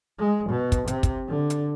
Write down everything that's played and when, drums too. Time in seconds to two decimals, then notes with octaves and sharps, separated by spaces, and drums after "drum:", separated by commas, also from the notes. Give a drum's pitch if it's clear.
0.19 G#3
0.50 B2
0.72 drum: kick, hi-hat
0.88 C3, drum: hi-hat
1.03 drum: kick, hi-hat
1.28 D3
1.50 drum: hi-hat